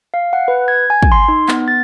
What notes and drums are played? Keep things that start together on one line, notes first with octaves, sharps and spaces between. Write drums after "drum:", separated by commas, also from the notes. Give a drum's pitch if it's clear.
F5
F#5
B4
G#6
G#5
drum: kick
C6
D#4
B3, drum: clap
A6